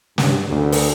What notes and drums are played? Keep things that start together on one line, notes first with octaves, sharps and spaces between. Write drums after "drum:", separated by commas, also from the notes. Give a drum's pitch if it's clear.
G2, drum: snare
D2
drum: open hi-hat